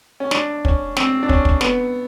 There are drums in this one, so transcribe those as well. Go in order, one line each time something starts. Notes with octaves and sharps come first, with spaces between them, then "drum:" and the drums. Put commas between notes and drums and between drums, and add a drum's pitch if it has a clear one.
C#4
D4, drum: snare
C#4, drum: kick
C4, drum: snare
D4
C#4, drum: kick
drum: kick
B3, drum: snare